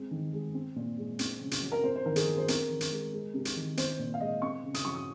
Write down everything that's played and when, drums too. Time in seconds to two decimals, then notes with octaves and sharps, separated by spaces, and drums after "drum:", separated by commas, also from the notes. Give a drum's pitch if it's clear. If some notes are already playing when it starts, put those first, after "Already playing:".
Already playing: G#3 C4
0.11 D#3
0.33 G#3
0.54 C4
0.76 A#2
0.97 G#3
1.19 C4, drum: hi-hat
1.40 C#3
1.51 drum: hi-hat
1.62 F#3
1.72 A#4
1.84 C4 C5
1.95 C5
2.06 D#3 A#4
2.16 G#4, drum: hi-hat
2.27 F#3
2.38 C5
2.48 C4 A#4, drum: hi-hat
2.69 D#3
2.81 drum: hi-hat
2.91 G#3
3.13 G#3
3.34 C3
3.45 drum: hi-hat
3.56 D#3
3.77 C4 C5, drum: hi-hat
3.99 A#2
4.14 F5
4.20 G#3 D#5
4.42 C4 C#6
4.64 C#3
4.74 D#6, drum: hi-hat
4.85 F#3 C#6
4.95 D#6